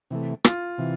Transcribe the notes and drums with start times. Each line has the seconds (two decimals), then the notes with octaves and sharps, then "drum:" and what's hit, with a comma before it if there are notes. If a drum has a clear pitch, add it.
0.10 C3 E3 A3
0.44 F4, drum: rim click
0.78 C3 E3